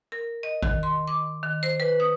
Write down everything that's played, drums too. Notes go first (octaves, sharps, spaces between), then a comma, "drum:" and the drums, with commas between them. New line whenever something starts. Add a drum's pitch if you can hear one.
A#4
D#5
D#3, drum: kick G#1
C6
D6
D#3
C5
B4
D#6